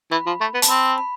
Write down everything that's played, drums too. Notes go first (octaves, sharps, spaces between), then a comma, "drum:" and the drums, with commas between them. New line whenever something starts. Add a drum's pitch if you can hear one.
E3 B5
F3
A3
B3
A5, drum: hi-hat
C4 B5
B5